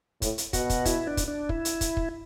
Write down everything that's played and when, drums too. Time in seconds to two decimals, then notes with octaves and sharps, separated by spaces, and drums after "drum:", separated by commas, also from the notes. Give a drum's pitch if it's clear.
0.22 A2, drum: kick, hi-hat
0.38 drum: hi-hat
0.53 B2 F#4, drum: kick, hi-hat
0.70 drum: kick, hi-hat
0.85 E4, drum: kick, hi-hat
1.07 D4
1.17 drum: kick, hi-hat
1.28 D4
1.49 E4, drum: kick
1.65 drum: hi-hat
1.81 drum: kick, hi-hat
1.97 drum: kick